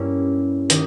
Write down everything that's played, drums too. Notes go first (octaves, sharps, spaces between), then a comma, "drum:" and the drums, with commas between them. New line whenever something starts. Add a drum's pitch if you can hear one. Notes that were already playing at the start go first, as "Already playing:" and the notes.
Already playing: G2 G3 A#3 C#4 E4
D#3 A#3 D#4, drum: hi-hat